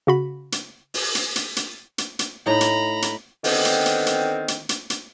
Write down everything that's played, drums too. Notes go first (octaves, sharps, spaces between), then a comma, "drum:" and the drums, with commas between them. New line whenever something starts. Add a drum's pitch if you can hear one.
C#3 F#4 B5
drum: hi-hat
drum: open hi-hat
drum: hi-hat
drum: hi-hat
drum: hi-hat
drum: hi-hat
drum: hi-hat
A2 D#4 A#5 B5
drum: hi-hat
drum: hi-hat
D3 D#3 B3 C4, drum: open hi-hat
drum: hi-hat
drum: hi-hat
drum: hi-hat
drum: hi-hat
drum: hi-hat
drum: hi-hat